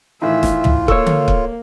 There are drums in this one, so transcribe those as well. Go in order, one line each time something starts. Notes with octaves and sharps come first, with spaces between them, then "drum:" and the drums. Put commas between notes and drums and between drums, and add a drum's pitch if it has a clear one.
A2 D#3 E3 F4 E5
drum: snare E1
drum: tom
A#3 A4 C#5 C#6 E6, drum: kick
drum: tom D3
drum: kick